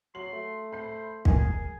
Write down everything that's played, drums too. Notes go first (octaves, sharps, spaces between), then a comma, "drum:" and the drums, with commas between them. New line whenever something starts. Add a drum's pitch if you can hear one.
F#3 C6 F#7
A3
C5 B5 C7
G#4 A#4 G#5, drum: kick